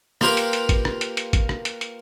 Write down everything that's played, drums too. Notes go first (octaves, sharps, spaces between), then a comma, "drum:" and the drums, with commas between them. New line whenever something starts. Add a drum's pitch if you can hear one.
A#3 F4 G4 A#4 B4, drum: rim click
drum: hi-hat
drum: hi-hat
drum: kick, hi-hat
drum: rim click
drum: hi-hat
drum: hi-hat
drum: kick, hi-hat
drum: rim click
drum: hi-hat
drum: hi-hat